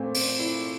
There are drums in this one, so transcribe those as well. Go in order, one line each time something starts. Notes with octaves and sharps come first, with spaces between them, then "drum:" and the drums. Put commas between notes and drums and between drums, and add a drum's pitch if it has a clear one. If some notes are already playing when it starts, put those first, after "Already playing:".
Already playing: A#2 A3 C4
C4, drum: open hi-hat
E4